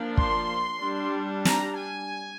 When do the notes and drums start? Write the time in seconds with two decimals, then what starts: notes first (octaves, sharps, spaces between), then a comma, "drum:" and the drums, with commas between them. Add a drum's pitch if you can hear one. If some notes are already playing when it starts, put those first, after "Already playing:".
Already playing: F3 A#3 D4
0.17 C6, drum: kick
0.80 G3 D4
1.45 A#5, drum: snare
1.77 G#5